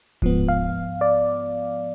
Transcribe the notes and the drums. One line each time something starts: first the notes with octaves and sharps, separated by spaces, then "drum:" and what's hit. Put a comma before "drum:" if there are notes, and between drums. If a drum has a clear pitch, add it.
G#2 F3 B3, drum: kick D1
F5
D5